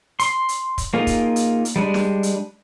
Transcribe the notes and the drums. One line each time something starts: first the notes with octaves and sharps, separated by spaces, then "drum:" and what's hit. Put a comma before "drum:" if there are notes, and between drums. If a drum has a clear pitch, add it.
C6, drum: hi-hat
drum: hi-hat
drum: kick, hi-hat
A#3 D#4 F4 G#4
drum: kick, hi-hat
drum: hi-hat
drum: hi-hat
G3 G#3 D4
drum: snare
drum: hi-hat